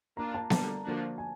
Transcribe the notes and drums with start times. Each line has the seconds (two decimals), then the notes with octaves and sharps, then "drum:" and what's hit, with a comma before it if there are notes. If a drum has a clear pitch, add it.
0.17 A#3 D4 F4 A#5
0.34 A5
0.50 D3 G3 A#3 A5, drum: snare B3
0.84 D3 F3 A#3 D4 F#4
1.18 G#5